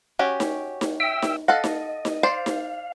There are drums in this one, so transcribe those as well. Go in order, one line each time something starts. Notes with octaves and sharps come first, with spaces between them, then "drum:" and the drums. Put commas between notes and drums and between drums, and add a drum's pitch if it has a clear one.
C#4 F#4 G4
drum: snare D#4
drum: snare D#4
E5 G5 E6
drum: snare D#4
A4 D#5 F5 F#5
drum: snare D#4
drum: snare D#4
C5 D5 F5
drum: snare D#4